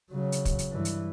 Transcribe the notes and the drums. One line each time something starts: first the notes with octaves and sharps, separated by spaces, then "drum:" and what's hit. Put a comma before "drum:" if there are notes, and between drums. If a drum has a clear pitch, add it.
C#3 F#3
drum: hi-hat
drum: kick, hi-hat
drum: hi-hat
G2 E3
drum: hi-hat